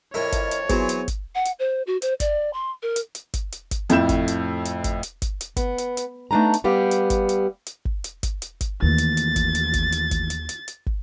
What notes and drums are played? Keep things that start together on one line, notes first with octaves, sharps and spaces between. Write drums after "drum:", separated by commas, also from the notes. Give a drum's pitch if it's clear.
F2 A2 E4 F4 A#4 C#5
drum: kick, hi-hat
drum: hi-hat
E3 F#3 B3 G#4 C5, drum: kick, hi-hat
drum: hi-hat
drum: kick, hi-hat
F#5
drum: hi-hat
C5
F#4
C5, drum: hi-hat
D5, drum: kick, hi-hat
C6
A#4
drum: hi-hat
drum: hi-hat
drum: kick, hi-hat
drum: hi-hat
drum: kick, hi-hat
F2 A2 E4 F4 G6 E7, drum: hi-hat
drum: kick, hi-hat
drum: hi-hat
drum: hi-hat
drum: kick, hi-hat
drum: hi-hat
drum: kick, hi-hat
drum: hi-hat
B3, drum: kick, hi-hat
drum: hi-hat
drum: hi-hat
A3 B3 D4 D#4 A#5
drum: hi-hat
G3 B3 G4 F5
drum: hi-hat
drum: kick, hi-hat
drum: hi-hat
drum: hi-hat
drum: kick
drum: hi-hat
drum: kick, hi-hat
drum: hi-hat
drum: kick, hi-hat
D#2 D#3 E3 A3 A6
drum: hi-hat
drum: hi-hat
drum: kick, hi-hat
drum: hi-hat
drum: kick, hi-hat
drum: hi-hat
drum: kick, hi-hat
drum: hi-hat
drum: hi-hat
drum: hi-hat
drum: kick